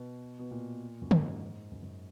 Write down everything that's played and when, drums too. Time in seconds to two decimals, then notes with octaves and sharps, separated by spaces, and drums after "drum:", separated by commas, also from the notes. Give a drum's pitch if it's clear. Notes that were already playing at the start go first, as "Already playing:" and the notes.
Already playing: B2
0.39 B2
0.51 A#2
1.02 F#2
1.11 G#2, drum: tom D3
1.72 F#2
1.82 F#2